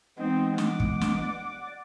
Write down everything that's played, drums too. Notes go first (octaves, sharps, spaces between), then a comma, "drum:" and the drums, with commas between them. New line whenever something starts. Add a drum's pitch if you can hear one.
E3 G#3 B3 C4 D#4
F#5 D6, drum: snare
drum: kick
drum: snare
D5